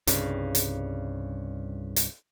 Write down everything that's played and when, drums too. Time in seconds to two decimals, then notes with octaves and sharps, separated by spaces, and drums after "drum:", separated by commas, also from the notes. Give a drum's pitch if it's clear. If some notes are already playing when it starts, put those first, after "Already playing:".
0.07 C2 G2 C#3, drum: hi-hat
0.55 drum: hi-hat
1.96 drum: hi-hat